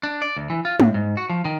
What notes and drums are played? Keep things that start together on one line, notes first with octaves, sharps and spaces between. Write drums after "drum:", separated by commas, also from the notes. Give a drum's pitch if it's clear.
D4
D5
D2
E3
F4
A2, drum: tom
G#2
F#4
F3
D#3